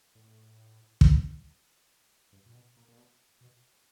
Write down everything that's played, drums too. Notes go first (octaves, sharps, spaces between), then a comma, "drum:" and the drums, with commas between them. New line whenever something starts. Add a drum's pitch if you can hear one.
A2
drum: kick
G2
A#2
B2
A#2
A#2
B2
B2